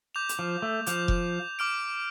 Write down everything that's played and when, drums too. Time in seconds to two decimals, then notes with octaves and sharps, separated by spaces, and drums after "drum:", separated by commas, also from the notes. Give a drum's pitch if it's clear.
0.15 D6 G6 F7
0.29 drum: hi-hat
0.39 F3
0.62 A3
0.86 F3 D6 G6 F7, drum: hi-hat
1.08 drum: kick F1
1.59 D6 F6 D7